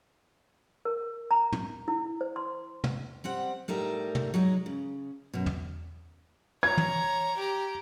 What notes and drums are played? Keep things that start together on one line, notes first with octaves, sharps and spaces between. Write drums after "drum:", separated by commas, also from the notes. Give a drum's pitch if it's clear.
A#4
A#5
drum: tom
E4
C5
C6
drum: tom
G3 C4 F#5
A2 G3 D#4 A#4 E5
drum: tom
F#3 G#3 D#4
C#3
F#2 B2
drum: tom
C#5 A#5 G#6
drum: tom
G4 A#5